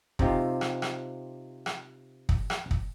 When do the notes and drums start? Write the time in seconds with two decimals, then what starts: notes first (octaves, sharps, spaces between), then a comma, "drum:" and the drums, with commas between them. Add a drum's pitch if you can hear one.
0.19 C3 C4 D#4 F4 G4, drum: kick
0.61 drum: rim click
0.82 drum: rim click
1.66 drum: rim click
2.29 drum: kick
2.50 drum: rim click
2.71 drum: kick